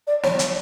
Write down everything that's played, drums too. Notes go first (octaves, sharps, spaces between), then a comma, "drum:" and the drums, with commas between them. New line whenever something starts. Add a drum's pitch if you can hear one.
D5
C#5, drum: snare
drum: hi-hat